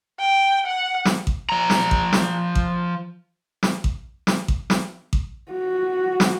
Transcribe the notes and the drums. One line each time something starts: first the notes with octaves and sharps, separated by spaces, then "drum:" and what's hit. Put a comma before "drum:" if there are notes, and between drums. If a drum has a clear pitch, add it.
G5
F#5
drum: snare
drum: kick A1
F3 A#5
drum: snare
drum: kick A1
drum: snare
drum: kick A1
drum: snare
drum: kick A1
drum: snare
drum: kick A1
drum: snare
drum: kick A1
F#4
drum: snare